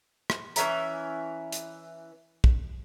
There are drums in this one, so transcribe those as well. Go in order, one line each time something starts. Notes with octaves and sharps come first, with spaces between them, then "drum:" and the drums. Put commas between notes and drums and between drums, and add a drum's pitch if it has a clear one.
drum: rim click
E3 C#4 E5 A#5, drum: hi-hat
drum: hi-hat
drum: kick